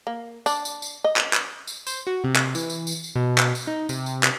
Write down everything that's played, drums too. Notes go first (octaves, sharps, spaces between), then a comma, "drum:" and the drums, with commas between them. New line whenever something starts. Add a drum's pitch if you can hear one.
A#3
D4, drum: tambourine
drum: tambourine
drum: tambourine
D#5
drum: clap
drum: clap
drum: tambourine
C5, drum: tambourine
F#4
C3
drum: clap
E3, drum: tambourine
drum: tambourine
drum: tambourine
drum: tambourine
B2
drum: clap
drum: tambourine
D#4
C3, drum: tambourine
drum: tambourine
drum: clap